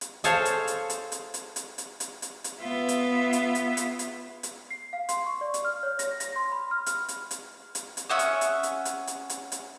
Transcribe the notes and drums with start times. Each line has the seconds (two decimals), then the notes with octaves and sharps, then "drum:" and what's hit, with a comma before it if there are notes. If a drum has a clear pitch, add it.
0.01 drum: hi-hat
0.24 G#4 A4 C5 C#5 F5 A5, drum: hi-hat
0.45 drum: hi-hat
0.67 drum: hi-hat
0.90 drum: hi-hat
1.12 drum: hi-hat
1.34 drum: hi-hat
1.56 drum: hi-hat
1.78 drum: hi-hat
2.00 drum: hi-hat
2.22 drum: hi-hat
2.44 drum: hi-hat
2.59 B3 F4 E5
2.89 drum: hi-hat
3.33 drum: hi-hat
3.55 drum: hi-hat
3.77 drum: hi-hat
3.99 drum: hi-hat
4.43 drum: hi-hat
4.70 C7
4.93 F5
5.09 C6, drum: hi-hat
5.26 C#6
5.41 D5
5.54 drum: hi-hat
5.65 F6
5.83 C#5
5.99 A#6, drum: hi-hat
6.20 A#6, drum: hi-hat
6.36 C6
6.52 B5
6.71 F6
6.86 drum: hi-hat
7.08 drum: hi-hat
7.31 drum: hi-hat
7.75 drum: hi-hat
7.97 drum: hi-hat
8.09 C#4 E5 F#5 D#6
8.19 drum: hi-hat
8.41 drum: hi-hat
8.63 drum: hi-hat
8.85 drum: hi-hat
9.07 drum: hi-hat
9.30 drum: hi-hat
9.52 drum: hi-hat